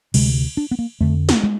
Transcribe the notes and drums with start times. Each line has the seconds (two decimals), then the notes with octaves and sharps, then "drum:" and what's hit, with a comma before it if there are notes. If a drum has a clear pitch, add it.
0.14 D2 C3 G#3, drum: cymbal
0.57 D4
0.71 B3
0.79 A#3
1.00 F2 D3 A3
1.29 drum: snare
1.43 G#3